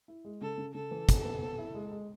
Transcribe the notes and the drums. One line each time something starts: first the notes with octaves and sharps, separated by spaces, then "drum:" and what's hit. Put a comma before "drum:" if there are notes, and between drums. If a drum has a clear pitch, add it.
E4
G#3
C#3 A4
C#3
C#3 A4
E3
E3, drum: kick, hi-hat
B3
B3
E4
G#3
G#3